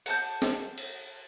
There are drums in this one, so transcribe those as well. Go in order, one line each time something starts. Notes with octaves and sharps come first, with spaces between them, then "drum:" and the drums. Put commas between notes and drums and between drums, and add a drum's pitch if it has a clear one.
F#5 A5 G6, drum: cymbal
drum: snare
drum: cymbal